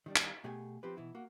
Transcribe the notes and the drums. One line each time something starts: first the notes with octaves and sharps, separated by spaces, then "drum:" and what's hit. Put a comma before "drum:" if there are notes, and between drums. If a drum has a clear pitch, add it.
D#3 G3 D4
drum: clap
B2 A3 G4 G#4 G#5
F3 C4 G4 B4
B2 E3 E4
A#3 F#4